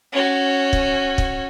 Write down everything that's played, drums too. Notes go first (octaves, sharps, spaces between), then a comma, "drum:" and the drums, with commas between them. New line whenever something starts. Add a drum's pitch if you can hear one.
C#4 F#4
drum: kick
drum: kick